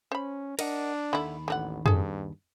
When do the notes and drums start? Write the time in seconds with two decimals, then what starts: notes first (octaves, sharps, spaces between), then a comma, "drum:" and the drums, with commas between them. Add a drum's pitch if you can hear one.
0.12 C#4 C5 B5
0.59 D4 A#4 D#5 F#5, drum: cymbal
1.13 D#2 D3 D#3 E4 B5
1.48 A1 D3 D4 F#5
1.86 G2 G#4 A4, drum: tom F2